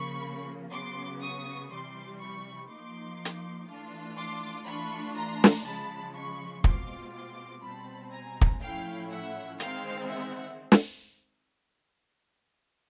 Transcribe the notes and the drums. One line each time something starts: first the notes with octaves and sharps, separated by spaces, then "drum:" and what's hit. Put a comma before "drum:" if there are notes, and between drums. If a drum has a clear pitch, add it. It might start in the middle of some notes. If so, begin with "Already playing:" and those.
Already playing: C#3 F3 A#3 B5 C#6
C#3 F#3 B3 C6 D6
C#6 D#6
C3 E3 G3 C6 D6
B5 C#6
F3 A#3 D#4 C6 D6
drum: hi-hat
E3 A3 D4 F4
C6 D6
E3 A3 D4 F4 B5 C#6
A#5 C6
drum: snare
C#3 F3 G#3 A5 B5
B5 C#6
B2 G#3 C4 F4 C6 D6, drum: kick
C6 D6
B2 G3 C4 A5 B5
G#5 A#5
drum: kick
A2 F3 A3 C#4 E4 F5 G5
E5 F#5
D#3 G#3 C4 F5 G5, drum: hi-hat
E5 F#5
drum: snare